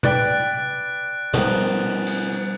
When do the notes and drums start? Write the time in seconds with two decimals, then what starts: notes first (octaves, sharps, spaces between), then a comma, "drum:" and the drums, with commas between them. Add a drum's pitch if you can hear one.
0.03 B4 D5 G5 F#6 A6 D7, drum: tom B2
1.34 B2 D#3 F3 G3 B3, drum: snare
2.06 drum: cymbal